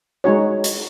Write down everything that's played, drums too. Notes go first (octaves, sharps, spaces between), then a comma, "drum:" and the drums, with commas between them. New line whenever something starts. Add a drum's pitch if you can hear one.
G#3 D#4 F#4 C#5
drum: hi-hat